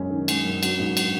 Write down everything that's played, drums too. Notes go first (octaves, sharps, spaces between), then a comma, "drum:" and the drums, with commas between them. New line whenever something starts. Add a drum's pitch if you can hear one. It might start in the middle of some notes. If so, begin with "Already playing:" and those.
Already playing: F#2 G#3 C#4
D#3
G#3, drum: cymbal
F#2
F#3, drum: cymbal
G#2
drum: cymbal